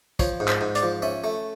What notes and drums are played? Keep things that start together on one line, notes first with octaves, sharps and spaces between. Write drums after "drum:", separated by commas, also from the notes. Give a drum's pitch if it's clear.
F3 C#5, drum: kick, hi-hat
G#2
C5, drum: clap
G#2
D5, drum: hi-hat
F3
C#4 E5
A3